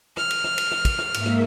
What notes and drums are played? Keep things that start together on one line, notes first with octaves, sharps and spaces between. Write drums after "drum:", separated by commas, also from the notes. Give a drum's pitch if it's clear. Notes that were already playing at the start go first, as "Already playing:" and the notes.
F6, drum: rim click
drum: cymbal
drum: rim click
drum: cymbal
drum: rim click
drum: kick, cymbal
drum: rim click
G#2 A#3 E5, drum: cymbal
drum: rim click